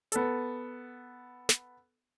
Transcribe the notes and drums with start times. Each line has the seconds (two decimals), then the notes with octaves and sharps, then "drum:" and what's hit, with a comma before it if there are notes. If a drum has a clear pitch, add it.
0.12 B3 A4, drum: hi-hat
1.49 drum: snare